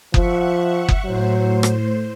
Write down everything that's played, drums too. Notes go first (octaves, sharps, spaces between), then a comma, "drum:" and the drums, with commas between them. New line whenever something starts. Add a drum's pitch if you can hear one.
F3 E5 F#5 C#6, drum: kick F#1
drum: kick F#1
A2 F#3 C5
drum: rim click